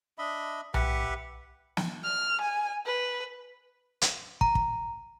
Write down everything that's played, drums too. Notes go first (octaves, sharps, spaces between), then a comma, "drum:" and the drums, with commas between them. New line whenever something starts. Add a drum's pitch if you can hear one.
D4 D#5 E5 B5
G4 B4 E5 F#5, drum: tom B1
drum: snare
F6
G#5
B4
drum: hi-hat
A#5, drum: kick
drum: kick